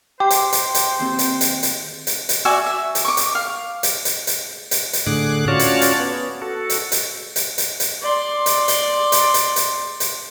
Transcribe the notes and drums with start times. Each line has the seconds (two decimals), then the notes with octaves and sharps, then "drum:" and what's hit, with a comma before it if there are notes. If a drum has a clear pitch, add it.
0.20 G4 C5 G5
0.30 drum: hi-hat
0.52 drum: hi-hat
0.75 drum: hi-hat
1.00 D#2 C4
1.19 drum: hi-hat
1.41 drum: hi-hat
1.63 drum: hi-hat
2.07 drum: hi-hat
2.29 drum: hi-hat
2.45 F#4 D5 E5 G#5
2.66 E5
2.95 drum: hi-hat
3.05 C#6 D6
3.17 drum: hi-hat
3.35 F5
3.83 drum: hi-hat
4.05 drum: hi-hat
4.27 drum: hi-hat
4.71 drum: hi-hat
4.93 drum: hi-hat
5.06 A2 D3 G#4 D6 F#6
5.48 C#4 F4 F#4 C#5 D5 A5
5.59 drum: hi-hat
5.81 drum: hi-hat
6.00 B3
6.42 F#4 A4
6.70 drum: hi-hat
6.92 drum: hi-hat
7.36 drum: hi-hat
7.58 drum: hi-hat
7.80 drum: hi-hat
8.02 D5 C6
8.46 drum: hi-hat
8.68 drum: hi-hat
9.12 drum: hi-hat
9.34 drum: hi-hat
9.56 drum: hi-hat
10.00 drum: hi-hat